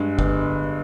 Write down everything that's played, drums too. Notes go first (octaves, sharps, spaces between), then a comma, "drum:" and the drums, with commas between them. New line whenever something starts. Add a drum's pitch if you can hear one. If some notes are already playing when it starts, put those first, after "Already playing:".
Already playing: G2 G#3
G1, drum: kick F#1